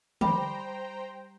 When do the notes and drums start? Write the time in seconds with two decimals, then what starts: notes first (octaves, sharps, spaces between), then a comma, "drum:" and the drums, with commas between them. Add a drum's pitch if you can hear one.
0.21 G3 C5 G5 A#5, drum: tom